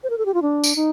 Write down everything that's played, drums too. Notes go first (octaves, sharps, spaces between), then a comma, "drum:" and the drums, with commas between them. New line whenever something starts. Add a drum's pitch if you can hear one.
C5
A#4
A4
G4
F4
D4
drum: tambourine
D#4